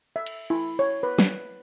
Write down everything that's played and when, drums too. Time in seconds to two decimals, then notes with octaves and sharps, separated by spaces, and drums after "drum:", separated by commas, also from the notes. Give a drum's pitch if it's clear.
0.16 E5
0.26 drum: cymbal
0.50 E4
0.79 C#5
1.03 B4
1.19 drum: snare